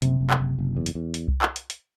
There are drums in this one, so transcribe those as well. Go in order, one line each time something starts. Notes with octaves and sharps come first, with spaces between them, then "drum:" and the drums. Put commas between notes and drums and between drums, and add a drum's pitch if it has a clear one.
F#1 C3, drum: hi-hat
F#1
drum: clap
F#1
F#1
E2
drum: hi-hat
E2
drum: hi-hat
drum: kick C2
drum: clap
drum: hi-hat
drum: hi-hat